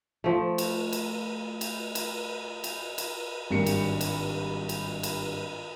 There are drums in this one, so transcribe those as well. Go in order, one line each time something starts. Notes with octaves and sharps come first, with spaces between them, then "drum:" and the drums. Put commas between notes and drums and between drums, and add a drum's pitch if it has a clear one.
F3 A3
drum: cymbal
drum: cymbal
drum: cymbal
drum: cymbal
drum: cymbal
drum: cymbal
G#1 G2 D4 A#4 C#7
drum: cymbal
drum: cymbal
drum: cymbal
drum: cymbal